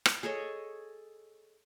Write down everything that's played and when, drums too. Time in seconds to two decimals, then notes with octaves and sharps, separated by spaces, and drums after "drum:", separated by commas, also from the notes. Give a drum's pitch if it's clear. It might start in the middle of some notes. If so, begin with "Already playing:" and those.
0.06 drum: rim click
0.23 G#4 A4 C#5 D#5